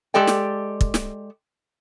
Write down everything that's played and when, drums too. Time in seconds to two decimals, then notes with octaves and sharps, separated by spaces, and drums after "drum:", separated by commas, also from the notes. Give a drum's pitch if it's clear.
0.14 G#3 G4 A4 D5 G5
0.27 drum: snare
0.81 drum: kick
0.94 drum: snare